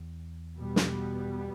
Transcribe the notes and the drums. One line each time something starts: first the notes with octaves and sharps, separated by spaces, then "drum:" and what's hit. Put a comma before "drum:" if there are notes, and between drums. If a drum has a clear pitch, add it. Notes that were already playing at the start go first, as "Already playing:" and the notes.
Already playing: E2
B2 G3 B3
drum: snare